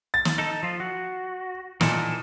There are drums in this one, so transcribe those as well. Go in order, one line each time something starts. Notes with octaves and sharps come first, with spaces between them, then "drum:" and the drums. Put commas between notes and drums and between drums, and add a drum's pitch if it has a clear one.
A6
drum: snare
D#4 A4
F3 F4
F#4
A#2 E3 D#4 A4, drum: snare